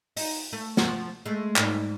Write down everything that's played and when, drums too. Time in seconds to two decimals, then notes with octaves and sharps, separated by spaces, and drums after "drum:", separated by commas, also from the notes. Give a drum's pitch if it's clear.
0.17 D#4, drum: open hi-hat
0.53 A3
0.77 F3 A3 F#4, drum: snare
1.25 G#3 A3
1.56 G#2 G3, drum: clap